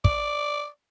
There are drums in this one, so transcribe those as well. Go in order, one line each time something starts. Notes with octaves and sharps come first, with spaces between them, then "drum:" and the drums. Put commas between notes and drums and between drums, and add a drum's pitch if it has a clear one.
D5, drum: kick